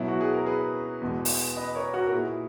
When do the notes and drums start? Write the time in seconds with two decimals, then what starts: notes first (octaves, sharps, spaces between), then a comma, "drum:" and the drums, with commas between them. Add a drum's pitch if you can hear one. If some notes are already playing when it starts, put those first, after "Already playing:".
Already playing: B2 F#3 B3 E4
0.08 F#4
0.21 G#4
0.34 A#4
0.46 G#4 B4
1.02 E2 B2 G#3
1.25 drum: open hi-hat
1.57 B4 D#5
1.75 A#4 C#5
1.94 F#4 A#4
2.07 A#4
2.12 A#2 A#3 E4 G#4